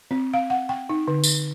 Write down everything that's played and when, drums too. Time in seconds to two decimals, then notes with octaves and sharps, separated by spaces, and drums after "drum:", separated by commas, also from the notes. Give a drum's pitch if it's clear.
0.11 C4
0.34 F5
0.50 F#5
0.69 G5
0.89 D#4
1.08 D3
1.24 drum: tambourine